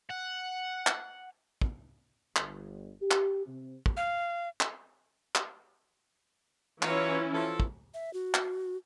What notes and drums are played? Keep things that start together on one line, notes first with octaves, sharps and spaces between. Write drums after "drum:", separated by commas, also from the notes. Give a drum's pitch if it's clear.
F#5
drum: clap
drum: kick
G1, drum: clap
G4
drum: clap
C3
drum: kick
F5
drum: clap
drum: clap
E3 F#3 C#4 E4 F4 C#5, drum: clap
F3 A4
drum: kick
E5
F#4
drum: clap